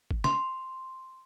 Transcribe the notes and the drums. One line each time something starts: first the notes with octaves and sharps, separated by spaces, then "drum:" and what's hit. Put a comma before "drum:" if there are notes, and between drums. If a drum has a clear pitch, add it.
drum: kick
C6, drum: snare